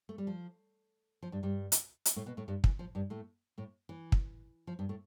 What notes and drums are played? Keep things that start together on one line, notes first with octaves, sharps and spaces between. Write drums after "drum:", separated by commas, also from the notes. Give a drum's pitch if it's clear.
A3
G3
F3
F3
G2 G3
G2 G3
drum: hi-hat
drum: hi-hat
A2 A3
B2 B3
A2 A3
G2 G3
E3, drum: kick
F3
G2 G3
A2 A3
A2 A3
E3
drum: kick
F3
G2 G3
A2 A3